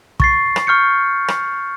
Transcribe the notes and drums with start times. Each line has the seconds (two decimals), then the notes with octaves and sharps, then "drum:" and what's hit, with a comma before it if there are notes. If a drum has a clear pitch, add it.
0.20 C#6 A6 C7, drum: kick
0.56 drum: rim click
0.67 C#6 F6 G6 C#7
1.28 drum: rim click